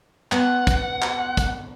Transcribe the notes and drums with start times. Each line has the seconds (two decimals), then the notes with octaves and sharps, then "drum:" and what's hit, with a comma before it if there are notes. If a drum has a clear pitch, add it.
0.32 B3 F#5, drum: clap
0.67 drum: kick, hi-hat
1.02 drum: clap
1.37 drum: kick, hi-hat